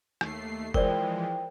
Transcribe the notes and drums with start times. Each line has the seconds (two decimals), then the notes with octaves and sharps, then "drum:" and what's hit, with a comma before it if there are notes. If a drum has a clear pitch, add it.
0.21 D#2 A3 C7, drum: rim click
0.74 E3 F3 G#3 A#4 C5 D5 G5, drum: kick